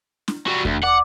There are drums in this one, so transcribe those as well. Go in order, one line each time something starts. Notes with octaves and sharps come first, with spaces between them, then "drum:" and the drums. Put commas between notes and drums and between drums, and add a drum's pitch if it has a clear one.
drum: snare
G3 F#4
D2, drum: kick E2
D5 F#5